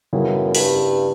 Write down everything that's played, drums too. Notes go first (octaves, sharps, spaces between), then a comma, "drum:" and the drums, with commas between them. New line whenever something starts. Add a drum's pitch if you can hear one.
F#2 C#3 G3 B3 E4
F#2, drum: open hi-hat
G2